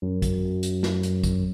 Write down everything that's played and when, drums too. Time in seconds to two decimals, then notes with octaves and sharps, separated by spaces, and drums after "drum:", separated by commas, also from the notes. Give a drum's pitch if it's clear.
0.02 F#2
0.22 drum: kick, hi-hat
0.63 drum: hi-hat
0.83 drum: snare
1.03 drum: hi-hat
1.24 drum: kick, hi-hat